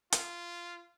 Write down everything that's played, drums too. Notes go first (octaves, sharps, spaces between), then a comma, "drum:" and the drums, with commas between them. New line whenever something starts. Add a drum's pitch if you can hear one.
F4, drum: hi-hat